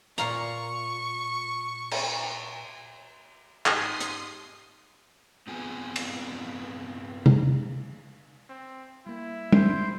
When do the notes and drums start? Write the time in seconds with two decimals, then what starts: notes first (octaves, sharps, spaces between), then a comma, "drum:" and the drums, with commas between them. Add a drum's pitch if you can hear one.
0.18 A#2 F5 A#5 C#6, drum: hi-hat
1.91 drum: cymbal
3.66 G#2 G4 D#5 C6 D#6 B6 C7, drum: clap
4.00 drum: hi-hat
5.47 G2 B3 C4 F4 G#4 G#5
5.96 drum: cymbal
7.26 drum: tom C3
8.49 C4
9.06 G3 A#3 E4
9.52 A3 C5, drum: tom G3